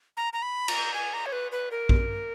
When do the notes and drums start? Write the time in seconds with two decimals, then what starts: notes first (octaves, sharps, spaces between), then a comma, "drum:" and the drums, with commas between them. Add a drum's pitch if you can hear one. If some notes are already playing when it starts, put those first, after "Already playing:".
0.17 A#5
0.33 A#5
0.42 B5
0.68 A#5, drum: cymbal
0.94 G#5
1.14 A#5
1.26 C#5
1.32 B4
1.52 B4
1.71 A#4
1.89 drum: kick A#1